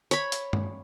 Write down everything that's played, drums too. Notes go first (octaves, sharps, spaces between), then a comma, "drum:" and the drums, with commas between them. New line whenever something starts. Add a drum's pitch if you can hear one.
C#5 B5, drum: hi-hat
drum: hi-hat
drum: tom G2